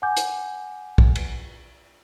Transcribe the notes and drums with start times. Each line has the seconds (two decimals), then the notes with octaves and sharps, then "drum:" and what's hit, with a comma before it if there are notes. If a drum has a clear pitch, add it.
0.02 F#5 G#5 D6 G6
0.17 drum: hi-hat
0.98 drum: kick
1.15 drum: cymbal